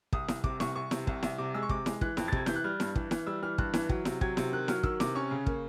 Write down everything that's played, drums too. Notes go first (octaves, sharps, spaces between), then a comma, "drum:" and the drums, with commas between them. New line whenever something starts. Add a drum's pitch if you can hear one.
C2 D#6, drum: kick
C2, drum: snare E4
C3 D6, drum: kick
C2 C#6, drum: snare E4
C2 C#6
C3, drum: snare E4
C2, drum: kick
C2, drum: snare E4
C3 D6
G#3 E6
C#6
C3 D6, drum: kick
G#3, drum: snare E4
E3 F#6, drum: kick
F2, drum: snare E4
A6
C3 G#6, drum: kick
E3 G6, drum: snare E4
F#6
G3 F6
G2, drum: snare E4
E3, drum: kick
E3, drum: snare E4
G3 E6
E3 F6
G2 F#6, drum: kick
E3, drum: snare E4
F#3, drum: kick
C3, drum: snare E4
F#3 G#6, drum: kick
C3, drum: snare E4
D#3 F#6
F#3 F6, drum: snare E4
D#3 E6, drum: kick
C3 D6, drum: snare E4
C#4 C#6
C#3
A#3, drum: kick